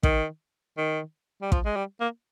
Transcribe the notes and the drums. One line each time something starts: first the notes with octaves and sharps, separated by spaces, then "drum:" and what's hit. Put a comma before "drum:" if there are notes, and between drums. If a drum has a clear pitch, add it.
D#3, drum: kick
D#3
G3
F3, drum: kick
G#3
G3
A#3